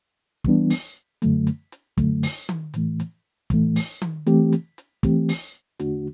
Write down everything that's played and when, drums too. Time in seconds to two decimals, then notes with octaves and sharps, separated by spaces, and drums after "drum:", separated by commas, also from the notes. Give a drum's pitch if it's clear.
0.44 E3 G3 B3 D4, drum: kick
0.70 drum: open hi-hat
1.22 F#2 D3 F#3 A3, drum: hi-hat
1.47 drum: hi-hat
1.72 drum: hi-hat
1.97 F#2 D3 F#3 A3, drum: kick, hi-hat
2.23 drum: open hi-hat
2.49 drum: tom D#3
2.74 A2 E3 A3, drum: hi-hat
3.00 drum: hi-hat
3.50 A2 E3 A3, drum: kick, hi-hat
3.76 drum: open hi-hat
4.02 drum: tom D#3
4.27 E3 A3 C4 G4, drum: hi-hat
4.53 drum: hi-hat
4.78 drum: hi-hat
5.03 E3 A3 C4 G4, drum: kick, hi-hat
5.29 drum: open hi-hat
5.80 E2 D3 A3 D4 F#4, drum: hi-hat